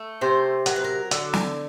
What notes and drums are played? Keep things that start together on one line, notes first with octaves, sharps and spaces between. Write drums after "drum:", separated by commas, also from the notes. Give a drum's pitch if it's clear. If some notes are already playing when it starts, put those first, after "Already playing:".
Already playing: A3
C3 C5
F#3 A#4, drum: hi-hat
B4
A#4
D3 A4, drum: hi-hat
drum: snare